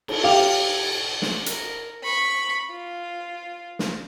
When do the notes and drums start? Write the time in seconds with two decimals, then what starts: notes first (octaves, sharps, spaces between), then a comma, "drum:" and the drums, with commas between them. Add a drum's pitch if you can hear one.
0.08 drum: cymbal
0.24 G4 F5 G5 D6 F7
1.22 drum: snare
1.46 A#4, drum: hi-hat
2.03 B5 C#6
2.70 F4
3.79 drum: snare